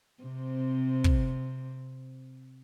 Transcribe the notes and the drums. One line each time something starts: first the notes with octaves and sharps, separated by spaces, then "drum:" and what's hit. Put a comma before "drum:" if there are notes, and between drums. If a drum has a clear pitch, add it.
C3 C4
drum: kick